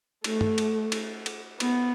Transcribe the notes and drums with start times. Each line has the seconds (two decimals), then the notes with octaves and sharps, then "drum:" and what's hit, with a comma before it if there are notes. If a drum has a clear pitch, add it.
0.24 A3, drum: cymbal
0.41 drum: tom
0.58 drum: cymbal
0.92 drum: cymbal
1.26 drum: cymbal
1.60 B3, drum: cymbal